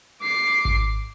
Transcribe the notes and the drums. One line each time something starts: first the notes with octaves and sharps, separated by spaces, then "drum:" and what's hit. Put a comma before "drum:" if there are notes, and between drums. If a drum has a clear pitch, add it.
D6 C7
drum: kick G#1